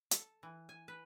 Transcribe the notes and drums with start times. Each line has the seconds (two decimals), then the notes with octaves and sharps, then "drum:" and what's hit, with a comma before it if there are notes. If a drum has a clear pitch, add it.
0.11 A4, drum: hi-hat
0.43 E3
0.69 G#5
0.88 B4